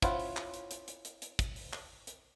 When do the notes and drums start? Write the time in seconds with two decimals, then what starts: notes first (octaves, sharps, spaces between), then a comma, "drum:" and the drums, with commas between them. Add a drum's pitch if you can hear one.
0.02 C#4 E4 F4 C5 F#5, drum: kick, hi-hat
0.20 drum: open hi-hat
0.37 drum: clap
0.54 drum: hi-hat
0.71 drum: hi-hat
0.88 drum: hi-hat
1.05 drum: hi-hat
1.22 drum: hi-hat
1.39 drum: kick, hi-hat
1.56 drum: open hi-hat
1.73 drum: clap
2.07 drum: hi-hat